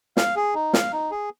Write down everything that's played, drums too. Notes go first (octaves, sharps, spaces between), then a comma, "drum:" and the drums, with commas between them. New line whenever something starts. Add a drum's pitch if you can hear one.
F5, drum: snare
G#4
D#4
F5, drum: snare
D#4
G#4